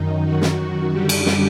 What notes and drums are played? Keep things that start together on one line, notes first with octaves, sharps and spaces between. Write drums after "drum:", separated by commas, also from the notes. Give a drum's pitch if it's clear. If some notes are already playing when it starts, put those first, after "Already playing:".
Already playing: F#2 D#3 D#4
F#2 D#3 F#3 F#4
drum: snare
F#2 D3 G3 G4
drum: cymbal
drum: snare